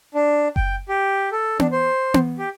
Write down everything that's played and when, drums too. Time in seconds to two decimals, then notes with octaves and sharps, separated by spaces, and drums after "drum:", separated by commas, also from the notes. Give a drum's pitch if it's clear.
0.14 D4
0.56 G5, drum: kick F#1
0.89 G4
1.32 A4
1.59 D4, drum: tom B3
1.72 C5
2.14 drum: tom B3
2.38 G4